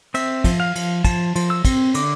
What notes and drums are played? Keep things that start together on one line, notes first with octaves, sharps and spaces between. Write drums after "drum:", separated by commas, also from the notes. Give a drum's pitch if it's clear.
C4 E5, drum: cymbal
F3, drum: kick, cymbal
F5
F3, drum: cymbal
F3 A5, drum: kick, cymbal
F3, drum: cymbal
E6
C4, drum: kick, cymbal
D3 D6, drum: cymbal